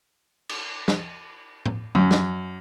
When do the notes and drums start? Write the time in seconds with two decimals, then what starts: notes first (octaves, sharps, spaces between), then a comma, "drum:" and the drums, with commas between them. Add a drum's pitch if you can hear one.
0.49 drum: cymbal
0.88 drum: snare
1.66 drum: tom A2
1.95 F#2, drum: tom
2.11 drum: snare